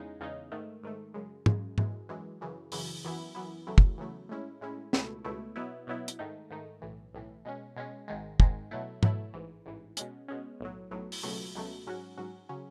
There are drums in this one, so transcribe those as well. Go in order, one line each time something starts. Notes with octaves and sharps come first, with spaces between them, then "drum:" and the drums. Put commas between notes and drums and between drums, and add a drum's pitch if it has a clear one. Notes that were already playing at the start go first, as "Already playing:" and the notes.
Already playing: E2 C#3 G#3 D#4
E2 C#3 G#3 D#4
G#2 D#3 A3
G#2 D#3 A3
F#2 C#3 G#3
F#2 C#3 G#3, drum: tom
F#2 E3 G#3, drum: tom G#2
F#2 E3 G#3
F#2 C#3 E3
F#2 C#3 E3, drum: open hi-hat
F#2 E3 B3 E4
F#2 E3 B3 E4
E2 C#3 F#3 A3 E4
drum: kick
E2 C#3 F#3 A3 E4
A2 G#3 C#4 E4
A2 G#3 C#4 E4
C#2 B2 A3 E4, drum: snare
C#2 B2 A3 E4
B2 F#3 B3 E4
B2 F#3 B3 E4
drum: hi-hat
G#2 D#3 A3 D#4
G#2 D#3 A3 D#4
B1 A2 E3
B1 A2 E3
B2 G#3 C#4
B2 G#3 C#4
G#1 G#2 D#3 G#3
G#1 G#2 D#3 G#3, drum: kick
B2 F#3 A3 E4
B2 F#3 A3 E4, drum: tom G#2
A1 G#2 E3
A1 G#2 E3
B2 G#3 C#4, drum: hi-hat
B2 G#3 C#4
B1 A2 F#3
B1 A2 F#3
drum: open hi-hat
C#2 B2 F#3 A3
C#2 B2 F#3 A3
G#2 F#3 C#4 F#4
G#2 F#3 C#4 F#4
C#3 F#3 C#4